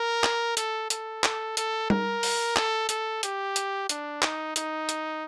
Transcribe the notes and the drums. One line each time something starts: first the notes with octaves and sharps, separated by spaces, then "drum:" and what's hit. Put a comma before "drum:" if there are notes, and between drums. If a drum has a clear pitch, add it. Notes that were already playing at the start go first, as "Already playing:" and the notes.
Already playing: A#4
drum: clap
A4, drum: hi-hat
A4, drum: hi-hat
A4, drum: clap
A4, drum: hi-hat
A#4, drum: tom G3
drum: open hi-hat
A4, drum: clap
A4, drum: hi-hat
G4, drum: hi-hat
drum: hi-hat
D4, drum: hi-hat
D#4, drum: clap
D#4, drum: hi-hat
drum: hi-hat